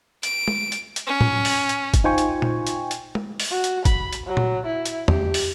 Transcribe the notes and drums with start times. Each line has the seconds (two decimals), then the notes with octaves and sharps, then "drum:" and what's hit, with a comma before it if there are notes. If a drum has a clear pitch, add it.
0.23 D7, drum: hi-hat
0.48 drum: tom G#3
0.72 drum: hi-hat
0.96 drum: hi-hat
1.07 C#4
1.21 drum: tom A2
1.45 drum: open hi-hat
1.69 drum: hi-hat
1.94 drum: kick, hi-hat
2.04 D#4 F4 C5 G5 G#5 C#6
2.18 drum: hi-hat
2.42 drum: tom A#2
2.67 drum: hi-hat
2.91 drum: hi-hat
3.15 drum: tom G#3
3.40 drum: open hi-hat
3.51 F#4
3.64 drum: hi-hat
3.85 B5, drum: kick, hi-hat
4.13 drum: hi-hat
4.26 F#3
4.37 drum: tom A#2
4.66 E4
4.86 drum: hi-hat
5.08 G4, drum: tom E2
5.34 drum: open hi-hat